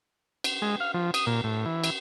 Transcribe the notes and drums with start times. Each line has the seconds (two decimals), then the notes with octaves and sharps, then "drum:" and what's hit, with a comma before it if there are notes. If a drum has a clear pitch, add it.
0.44 drum: cymbal
0.62 G#3
0.80 F5
0.94 F3
1.14 D#6, drum: cymbal
1.27 A#2
1.44 A2
1.65 E3
1.84 drum: cymbal